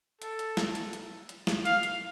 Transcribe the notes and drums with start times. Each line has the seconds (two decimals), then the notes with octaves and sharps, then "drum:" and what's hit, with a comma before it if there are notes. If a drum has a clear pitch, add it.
0.22 A4, drum: hi-hat
0.39 drum: hi-hat
0.57 drum: snare
0.75 drum: hi-hat
0.93 drum: hi-hat
1.29 drum: hi-hat
1.47 drum: snare
1.65 F5, drum: hi-hat
1.83 drum: hi-hat